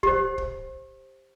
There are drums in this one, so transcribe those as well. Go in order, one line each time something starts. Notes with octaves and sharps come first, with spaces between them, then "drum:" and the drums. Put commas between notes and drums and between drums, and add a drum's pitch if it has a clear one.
G4 C5, drum: kick
drum: kick